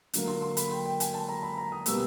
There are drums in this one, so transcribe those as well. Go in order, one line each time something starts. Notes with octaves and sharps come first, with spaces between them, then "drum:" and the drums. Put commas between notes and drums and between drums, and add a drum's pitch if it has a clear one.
D3 F#3 A#3, drum: hi-hat
C6
C6
B5, drum: hi-hat
G5
G5
G#5, drum: hi-hat
A5
A#5
B5
A#5
D#6
B2 G3 A#3 E6, drum: hi-hat